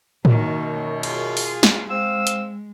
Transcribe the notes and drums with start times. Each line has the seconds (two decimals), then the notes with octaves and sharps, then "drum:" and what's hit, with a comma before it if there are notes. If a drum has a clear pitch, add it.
0.25 F#2 B2 D#3 A#3, drum: tom A2
1.03 F4 G#4, drum: cymbal
1.37 drum: open hi-hat
1.63 drum: snare
1.89 G#3 C4 F5 E6
2.27 drum: hi-hat